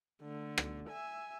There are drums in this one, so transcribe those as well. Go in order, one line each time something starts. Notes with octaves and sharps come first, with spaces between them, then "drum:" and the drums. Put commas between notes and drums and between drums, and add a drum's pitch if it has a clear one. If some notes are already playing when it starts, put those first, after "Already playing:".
D3 A3
drum: rim click
E5 G#5